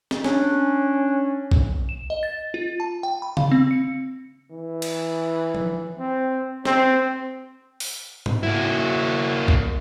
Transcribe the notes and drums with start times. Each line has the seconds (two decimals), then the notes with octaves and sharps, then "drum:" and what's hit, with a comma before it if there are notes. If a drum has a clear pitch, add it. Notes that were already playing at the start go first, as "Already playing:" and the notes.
0.11 drum: snare
0.24 C#4 D4, drum: snare
1.52 drum: kick B1
1.89 E7
2.10 D#5
2.23 A6
2.54 F4
2.80 A5
3.03 G5
3.22 B5
3.37 F5, drum: tom C#3
3.51 C4
3.71 C#7
4.51 E3
4.82 drum: cymbal
5.55 drum: tom F3
5.98 C4
6.65 C4, drum: snare
7.80 drum: open hi-hat
8.26 drum: tom G#2
8.43 A#3 E4 F#4
9.48 drum: kick B1